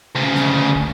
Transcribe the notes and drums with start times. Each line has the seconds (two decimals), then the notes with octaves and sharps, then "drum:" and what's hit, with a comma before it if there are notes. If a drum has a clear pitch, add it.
0.16 D2 C#3
0.36 drum: snare C4
0.75 drum: kick